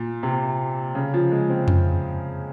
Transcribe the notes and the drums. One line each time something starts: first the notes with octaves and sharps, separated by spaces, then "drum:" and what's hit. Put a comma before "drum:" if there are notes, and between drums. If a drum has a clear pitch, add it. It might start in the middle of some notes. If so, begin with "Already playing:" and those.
Already playing: A#2
C3
C#3
F3
G#3
C4
drum: tom F2